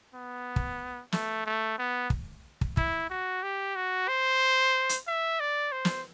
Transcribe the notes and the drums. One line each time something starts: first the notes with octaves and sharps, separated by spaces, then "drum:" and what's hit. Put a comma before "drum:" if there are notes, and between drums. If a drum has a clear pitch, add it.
B3
drum: kick
A3, drum: snare
A3
B3
drum: kick
drum: kick
E4, drum: kick
F#4
G4
F#4
C5
drum: hi-hat
E5
D5
C5
drum: snare